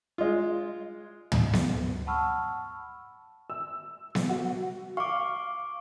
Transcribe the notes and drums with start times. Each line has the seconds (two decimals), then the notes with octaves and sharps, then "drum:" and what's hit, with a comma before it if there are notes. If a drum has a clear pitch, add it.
0.18 G#3 F4
1.32 drum: tom
1.53 drum: snare B3
2.07 F#5 A5 B5 C#6 E6 F6
3.50 E6
4.15 drum: snare B3
4.29 F#4
4.97 F5 C#6 D6